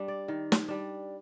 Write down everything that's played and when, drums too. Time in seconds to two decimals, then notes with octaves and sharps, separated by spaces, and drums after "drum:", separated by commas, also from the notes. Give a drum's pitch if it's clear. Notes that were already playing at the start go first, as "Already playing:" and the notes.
Already playing: G3 D4
0.08 D5
0.28 D#3
0.52 drum: snare
0.68 G3 D4